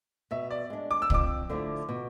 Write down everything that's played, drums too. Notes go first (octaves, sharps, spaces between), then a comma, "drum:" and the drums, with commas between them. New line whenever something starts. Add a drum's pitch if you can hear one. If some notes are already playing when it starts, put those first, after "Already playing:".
B2 E5
D5
G#3 D4
D6
E6
F2 D6, drum: kick
D3 F3 A3 E4
B2